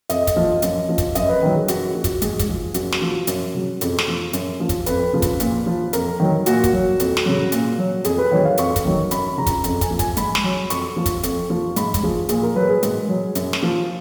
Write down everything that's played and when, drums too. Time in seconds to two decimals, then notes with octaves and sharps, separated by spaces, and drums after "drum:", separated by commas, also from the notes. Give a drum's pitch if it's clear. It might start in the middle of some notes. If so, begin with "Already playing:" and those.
0.10 F2 D#5, drum: hi-hat
0.27 drum: kick, hi-hat
0.36 F3
0.62 F#2, drum: hi-hat
0.89 F3
0.98 drum: kick, hi-hat
1.15 F#2 D#5, drum: hi-hat
1.29 B4
1.43 D#3 F#3 A#4
1.56 G#4
1.68 F#2 F#4, drum: hi-hat
1.95 F3 F#4
2.04 drum: kick, hi-hat
2.22 G#2 G#4, drum: hi-hat
2.39 drum: kick, hi-hat
2.49 F3
2.74 F#2 F#4, drum: hi-hat
2.92 drum: snare
3.02 F3
3.27 F#2, drum: hi-hat
3.54 C#3 F#3
3.81 F2 G#4, drum: hi-hat
3.98 drum: snare
4.08 F3
4.33 F#2, drum: hi-hat
4.60 F3
4.69 drum: kick, hi-hat
4.86 F2 B4, drum: hi-hat
5.13 C#3 F3
5.22 drum: kick, hi-hat
5.40 A#2, drum: hi-hat
5.66 F3
5.93 F2 A#4, drum: hi-hat
6.20 D#3 F#3
6.46 A#2 F#4, drum: hi-hat
6.64 drum: kick, hi-hat
6.73 F#3
7.00 F2, drum: hi-hat
7.17 drum: snare
7.26 C#3 F#3
7.52 A#2, drum: hi-hat
7.79 F#3
8.04 F2 G#4, drum: hi-hat
8.18 B4
8.31 D#3 F#3 C#5
8.45 F5
8.58 F2 C#6, drum: hi-hat
8.76 drum: kick, hi-hat
8.85 D#3 F#3
9.11 F#2 B5, drum: hi-hat
9.37 C#3 F3 A#5
9.47 drum: kick, hi-hat
9.64 F2 A#5, drum: hi-hat
9.81 G#5, drum: kick, hi-hat
9.91 F3
9.99 G#5, drum: kick, hi-hat
10.17 G#2 B5, drum: hi-hat
10.35 drum: snare
10.44 F#3
10.70 F2 C#6, drum: hi-hat
10.96 F3
11.06 drum: kick, hi-hat
11.23 F2, drum: hi-hat
11.50 F3
11.76 G#2 B5, drum: hi-hat
11.94 drum: kick, hi-hat
12.03 F3 G#4
12.29 A#2 G#4, drum: hi-hat
12.43 A#4
12.55 F#3 B4
12.69 G#4
12.83 G#2, drum: hi-hat
13.09 F#3
13.35 F#2, drum: hi-hat
13.53 drum: snare
13.63 F3